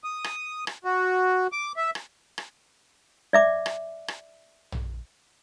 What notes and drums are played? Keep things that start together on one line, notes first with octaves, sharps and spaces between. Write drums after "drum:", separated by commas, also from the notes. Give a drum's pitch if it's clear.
D#6
drum: rim click
drum: rim click
F#4
D6
E5
drum: rim click
drum: rim click
D5 E5 D6
drum: rim click
drum: rim click
drum: tom